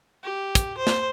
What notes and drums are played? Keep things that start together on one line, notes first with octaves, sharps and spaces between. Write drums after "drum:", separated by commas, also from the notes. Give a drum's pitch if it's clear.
G4
drum: kick, hi-hat
C5
drum: snare